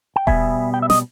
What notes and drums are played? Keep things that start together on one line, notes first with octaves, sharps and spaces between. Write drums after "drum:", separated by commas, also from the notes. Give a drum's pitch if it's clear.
G5
B2 G3 B3 E5 G#5, drum: kick D#1
G5
E5
D#5, drum: snare